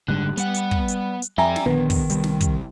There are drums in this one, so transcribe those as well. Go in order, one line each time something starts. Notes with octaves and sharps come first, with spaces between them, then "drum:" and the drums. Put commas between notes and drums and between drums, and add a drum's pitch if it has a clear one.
F#1 G#2 D3 G3 F#6
G3 B3 F#5, drum: hi-hat
drum: hi-hat
drum: kick
drum: hi-hat
drum: hi-hat
F2 D5 E5 G5 G#5 A#5
drum: snare
A#1 D3 D#3 B3
drum: kick, open hi-hat
C2 G3, drum: hi-hat
drum: snare
drum: kick, hi-hat